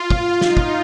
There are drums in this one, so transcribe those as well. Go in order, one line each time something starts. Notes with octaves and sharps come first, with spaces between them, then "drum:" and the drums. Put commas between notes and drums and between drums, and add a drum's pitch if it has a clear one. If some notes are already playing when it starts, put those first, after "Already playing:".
Already playing: F4
drum: kick
D#4, drum: snare
drum: kick